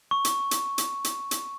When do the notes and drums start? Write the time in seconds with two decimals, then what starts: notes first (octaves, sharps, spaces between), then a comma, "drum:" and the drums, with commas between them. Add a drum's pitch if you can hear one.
0.11 C#6
0.25 drum: hi-hat
0.51 drum: hi-hat
0.78 drum: hi-hat
1.04 drum: hi-hat
1.31 drum: hi-hat